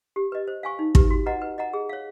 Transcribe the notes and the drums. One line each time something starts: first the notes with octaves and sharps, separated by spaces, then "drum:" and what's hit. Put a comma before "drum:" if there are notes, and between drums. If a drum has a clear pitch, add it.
G4
B4 D#5
C5
F5 G#5 C#6
D#4
G4 B4, drum: kick
F#4
B4 D#5 F#5 A#5
B4
D#5 F#5 A#5
G#4
C#5 F5